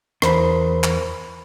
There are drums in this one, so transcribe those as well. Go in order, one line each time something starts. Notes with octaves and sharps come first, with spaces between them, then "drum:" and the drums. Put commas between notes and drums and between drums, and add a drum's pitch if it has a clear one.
E2 A#4 C5 B5, drum: rim click
drum: clap